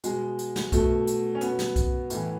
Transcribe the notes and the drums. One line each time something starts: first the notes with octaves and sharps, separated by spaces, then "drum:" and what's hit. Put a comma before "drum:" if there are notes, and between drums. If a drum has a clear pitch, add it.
B2 G#3, drum: hi-hat
drum: hi-hat
drum: snare
B2 A3, drum: kick B1, hi-hat
drum: hi-hat
C#4
B2 B3, drum: hi-hat
drum: snare
drum: kick B1, hi-hat
A2 E3, drum: hi-hat